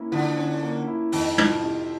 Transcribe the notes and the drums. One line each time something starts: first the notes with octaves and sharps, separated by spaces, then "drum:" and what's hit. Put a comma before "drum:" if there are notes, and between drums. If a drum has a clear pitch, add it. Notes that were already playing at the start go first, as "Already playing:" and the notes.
Already playing: A#3 C#4 E4
D3 F3
C#4
A#3
E4
F2 D#3, drum: open hi-hat
F3, drum: tom
C3